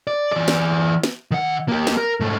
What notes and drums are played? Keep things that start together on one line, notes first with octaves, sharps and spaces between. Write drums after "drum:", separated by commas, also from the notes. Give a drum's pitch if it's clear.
D5
E3 D5
drum: snare
drum: snare
D#3 F#5
A#3 G4
drum: snare
A#4
G#2 A3